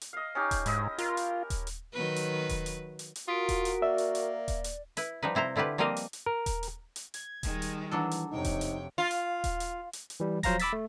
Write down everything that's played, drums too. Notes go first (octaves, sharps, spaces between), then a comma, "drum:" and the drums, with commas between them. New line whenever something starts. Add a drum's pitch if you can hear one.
drum: hi-hat
D#5 F5
C#4 D#4 G4
drum: kick D#1, hi-hat
G#2 E4 D#5, drum: hi-hat
F4 A#4, drum: hi-hat
drum: hi-hat
drum: kick D#1, hi-hat
drum: hi-hat
D#3 F#3 B4
drum: hi-hat
drum: kick D#1, hi-hat
drum: hi-hat
drum: hi-hat
drum: hi-hat
F4 F#4 A#4 D#6 B6 D7
drum: kick D#1, hi-hat
drum: hi-hat
A#3 D5 E5
drum: hi-hat
drum: hi-hat
drum: kick D#1, hi-hat
drum: hi-hat
E4 B4, drum: hi-hat
F3 G3 D#4 B4
C3 E4 C5 A#5
D3 E4 F4 G4 B4
F3 G3 A#3 C4 D#5 F5
drum: hi-hat
drum: hi-hat
A#4
drum: kick D#1, hi-hat
drum: hi-hat
drum: hi-hat
G#6, drum: hi-hat
D#3 G3 G#3, drum: kick D#1, hi-hat
drum: hi-hat
E3 F#3 D4 A4
drum: hi-hat
F2 C3 D#4 C#5 G5
drum: kick D#1, hi-hat
drum: hi-hat
F4
drum: hi-hat
drum: kick D#1, hi-hat
drum: hi-hat
drum: hi-hat
drum: hi-hat
E3 G3
F3 F#3 C5 F5 A#5 A#6, drum: kick D#1, hi-hat
B5 D6 E6 A6 B6, drum: hi-hat
A3